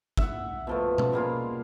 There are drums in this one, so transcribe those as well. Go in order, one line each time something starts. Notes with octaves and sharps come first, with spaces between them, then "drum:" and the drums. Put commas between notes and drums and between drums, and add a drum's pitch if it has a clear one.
E5 F#5, drum: kick
B2 F3 A3
drum: tom B2
G3 G#3 A#3 F4